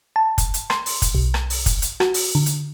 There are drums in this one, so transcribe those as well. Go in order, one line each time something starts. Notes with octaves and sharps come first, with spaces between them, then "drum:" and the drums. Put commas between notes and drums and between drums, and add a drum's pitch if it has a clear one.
A5
drum: kick, hi-hat
drum: hi-hat
C6, drum: rim click
drum: open hi-hat
drum: kick, hi-hat
B1
drum: rim click
drum: open hi-hat
drum: kick, hi-hat
drum: hi-hat
F#4, drum: rim click
drum: open hi-hat
D3
drum: hi-hat